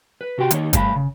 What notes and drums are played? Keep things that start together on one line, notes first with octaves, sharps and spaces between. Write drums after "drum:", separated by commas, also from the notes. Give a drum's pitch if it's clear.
B4
C3 F#4 G4 G5 C6
D#3 A#3 D#4 C#5, drum: hi-hat
G2 A3 F4 G4 F5 B5, drum: kick, hi-hat
C#3